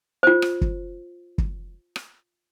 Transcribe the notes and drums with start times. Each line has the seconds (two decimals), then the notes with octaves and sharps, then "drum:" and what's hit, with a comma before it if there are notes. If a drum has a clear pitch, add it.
0.23 F4 C5
0.42 drum: rim click
0.61 drum: kick
1.38 drum: kick
1.96 drum: rim click